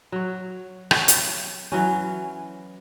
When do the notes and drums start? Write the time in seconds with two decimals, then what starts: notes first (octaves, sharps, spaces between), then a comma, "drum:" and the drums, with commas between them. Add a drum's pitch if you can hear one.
0.12 F#3 C#5
0.91 C#5, drum: rim click
1.08 drum: hi-hat
1.72 E3 F#3 C#4